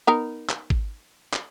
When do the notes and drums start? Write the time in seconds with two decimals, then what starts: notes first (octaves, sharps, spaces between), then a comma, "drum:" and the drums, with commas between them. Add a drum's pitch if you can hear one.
0.07 B3 D#4 A#4
0.49 drum: clap
0.70 drum: kick
1.33 drum: clap